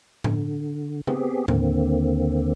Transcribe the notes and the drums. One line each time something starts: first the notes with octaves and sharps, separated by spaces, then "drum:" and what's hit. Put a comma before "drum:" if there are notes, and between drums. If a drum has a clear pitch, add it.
D3, drum: tom A2
B3 C4 G4 G#4, drum: tom C#3
D#2 D3 A#3 C4, drum: tom A2